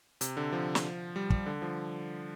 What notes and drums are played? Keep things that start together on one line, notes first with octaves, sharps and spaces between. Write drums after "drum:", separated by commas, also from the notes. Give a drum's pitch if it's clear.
C3, drum: hi-hat
D3
F3
drum: snare
G3
G3, drum: kick
D3
F3